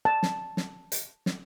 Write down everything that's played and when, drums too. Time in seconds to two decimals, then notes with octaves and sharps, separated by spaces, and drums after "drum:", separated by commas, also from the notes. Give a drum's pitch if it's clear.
0.05 A5
0.23 drum: snare
0.57 drum: snare
0.92 drum: hi-hat
1.26 drum: snare